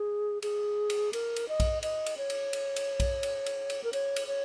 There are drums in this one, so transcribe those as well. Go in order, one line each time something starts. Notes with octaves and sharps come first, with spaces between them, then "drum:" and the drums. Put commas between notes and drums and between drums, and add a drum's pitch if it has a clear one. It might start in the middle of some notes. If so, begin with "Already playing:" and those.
Already playing: G#4
G#4, drum: cymbal
drum: cymbal
A#4, drum: cymbal
drum: cymbal
D#5
drum: kick B1, cymbal
D#5, drum: cymbal
drum: cymbal
C#5
drum: cymbal
drum: cymbal
drum: cymbal
drum: kick B1, cymbal
drum: cymbal
drum: cymbal
drum: cymbal
A#4
C#5, drum: cymbal
drum: cymbal
C#5